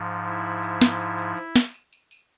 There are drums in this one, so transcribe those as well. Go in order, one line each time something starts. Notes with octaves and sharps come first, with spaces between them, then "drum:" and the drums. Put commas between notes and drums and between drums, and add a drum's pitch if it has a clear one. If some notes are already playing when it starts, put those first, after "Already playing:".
Already playing: G#2 F3
E4
drum: tambourine
drum: snare
drum: tambourine
drum: tambourine
drum: tambourine
drum: snare
drum: tambourine
drum: tambourine
drum: tambourine